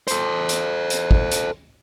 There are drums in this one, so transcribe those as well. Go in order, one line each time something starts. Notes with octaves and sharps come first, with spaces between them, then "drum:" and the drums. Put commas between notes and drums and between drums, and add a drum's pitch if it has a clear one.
A4 C5, drum: hi-hat
drum: hi-hat
drum: hi-hat
drum: kick
drum: hi-hat